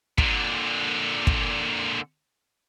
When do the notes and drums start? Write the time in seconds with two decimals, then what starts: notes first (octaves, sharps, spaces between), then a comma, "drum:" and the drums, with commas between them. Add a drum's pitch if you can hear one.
0.18 A#2 D3, drum: kick
1.27 drum: kick